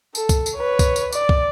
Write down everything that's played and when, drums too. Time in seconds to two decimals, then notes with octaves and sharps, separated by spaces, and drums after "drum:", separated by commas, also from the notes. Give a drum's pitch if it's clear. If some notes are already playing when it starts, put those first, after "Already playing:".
0.15 A4, drum: tambourine
0.29 drum: kick, tambourine
0.46 drum: tambourine
0.56 B4 C#5
0.79 drum: kick, tambourine
0.96 drum: tambourine
1.13 D5, drum: tambourine
1.29 drum: kick